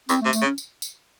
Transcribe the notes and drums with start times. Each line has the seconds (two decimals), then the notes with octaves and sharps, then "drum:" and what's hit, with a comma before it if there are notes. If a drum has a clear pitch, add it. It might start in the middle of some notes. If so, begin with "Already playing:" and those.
0.09 E2 C4, drum: tambourine
0.21 A3
0.25 C3
0.33 A3, drum: tambourine
0.42 C#3
0.46 C#4
0.58 drum: tambourine
0.82 drum: tambourine